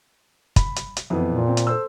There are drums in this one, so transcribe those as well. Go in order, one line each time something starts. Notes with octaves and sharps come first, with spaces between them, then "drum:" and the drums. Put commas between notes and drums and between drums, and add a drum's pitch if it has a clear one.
B5, drum: kick, hi-hat
drum: hi-hat
drum: hi-hat
F2 E3 B3
A#2
C4
drum: hi-hat
A4 C5 E6